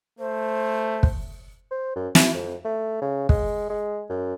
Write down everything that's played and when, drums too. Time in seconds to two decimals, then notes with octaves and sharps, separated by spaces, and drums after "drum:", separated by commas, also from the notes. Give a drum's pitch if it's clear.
0.19 A3 C5
1.03 drum: kick
1.71 C5
1.96 F#2
2.15 E4, drum: snare
2.35 F2
2.65 A3
3.02 C#3
3.29 G#3, drum: kick
3.70 G#3
4.10 F#2